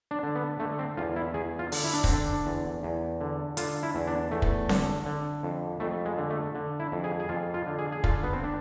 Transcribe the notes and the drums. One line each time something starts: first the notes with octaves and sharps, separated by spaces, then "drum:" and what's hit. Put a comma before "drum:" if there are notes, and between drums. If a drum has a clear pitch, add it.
D4
D3
B3
D3 A3
C4
E2 F4
E4
E2 G#4
F4
D3, drum: open hi-hat
E4
D4
C4, drum: kick
D3 D4
E2
E2
D3
D3 F4, drum: hi-hat
E4
E2
D4
E2 A3
drum: kick
D3, drum: snare C4
D3
F2
F2 A3
G#3
D3
A3
D3
E4
F2
G#4
G#4
F2 F4
F4
D3
G#4
G#4
D3 F4, drum: kick
B3
C4
D4